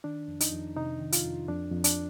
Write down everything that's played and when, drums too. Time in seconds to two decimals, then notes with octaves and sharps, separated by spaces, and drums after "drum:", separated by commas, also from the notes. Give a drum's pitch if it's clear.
0.04 D#3 D4
0.28 F2
0.41 D#4, drum: hi-hat
0.52 F2
0.76 C3 D#4
1.00 D#3
1.12 F4, drum: hi-hat
1.24 F2
1.48 F2 D4
1.72 F2
1.84 D4, drum: hi-hat